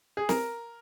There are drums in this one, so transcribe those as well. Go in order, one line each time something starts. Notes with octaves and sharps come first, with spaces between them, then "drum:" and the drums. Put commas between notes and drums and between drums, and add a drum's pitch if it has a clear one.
G#4
A#4, drum: snare